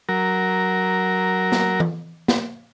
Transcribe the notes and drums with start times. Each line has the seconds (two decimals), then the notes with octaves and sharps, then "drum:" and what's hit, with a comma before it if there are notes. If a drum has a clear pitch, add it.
0.09 F#3 A#4
1.52 drum: snare
1.80 drum: tom E3
2.28 drum: snare